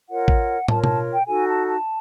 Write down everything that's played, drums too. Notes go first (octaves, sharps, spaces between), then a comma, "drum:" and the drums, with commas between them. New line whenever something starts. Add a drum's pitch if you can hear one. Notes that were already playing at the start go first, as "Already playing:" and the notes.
F4 A#4 C#5 F#5
drum: kick A1
F4 A#4 C#5 A5, drum: tom
A5, drum: tom B2
G5
D#4 F#4 A4 G#5
A5
A5